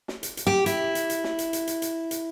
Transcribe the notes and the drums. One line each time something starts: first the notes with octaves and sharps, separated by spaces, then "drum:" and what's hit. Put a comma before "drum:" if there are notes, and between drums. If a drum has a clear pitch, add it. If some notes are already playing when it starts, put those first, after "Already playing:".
drum: snare
drum: hi-hat
drum: hi-hat
G4
E4, drum: hi-hat
drum: hi-hat
drum: hi-hat
drum: snare
drum: hi-hat
drum: hi-hat
drum: hi-hat
drum: hi-hat
drum: hi-hat